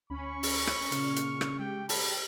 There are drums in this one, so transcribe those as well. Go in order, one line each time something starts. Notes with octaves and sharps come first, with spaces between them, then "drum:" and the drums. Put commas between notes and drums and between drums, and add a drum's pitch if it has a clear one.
D2 C#4 B5 C#6
drum: open hi-hat
drum: rim click
A#2 C#3 C#4 F6, drum: hi-hat
drum: hi-hat
drum: rim click
G#3 G4 G5
A5 B5, drum: open hi-hat